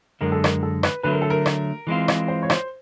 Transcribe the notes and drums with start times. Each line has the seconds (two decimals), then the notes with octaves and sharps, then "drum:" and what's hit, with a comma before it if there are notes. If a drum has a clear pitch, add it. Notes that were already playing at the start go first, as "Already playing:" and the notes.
0.21 F#2 D3 G#3 A#4
0.32 A4
0.44 A#4, drum: rim click
0.63 A4
0.83 B4, drum: rim click
1.03 D3 F#3 A3 B4
1.12 A#4
1.22 A4
1.30 A#4
1.46 drum: rim click
1.87 E3 G#3 C4 F4
2.08 drum: rim click
2.28 C5
2.43 C#5
2.50 C5, drum: rim click